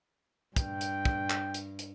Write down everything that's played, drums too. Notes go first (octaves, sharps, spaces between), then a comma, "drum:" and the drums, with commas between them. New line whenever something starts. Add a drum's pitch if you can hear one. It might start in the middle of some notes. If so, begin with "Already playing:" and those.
G2 G5, drum: kick, hi-hat
drum: hi-hat
drum: kick
drum: clap
drum: hi-hat
drum: hi-hat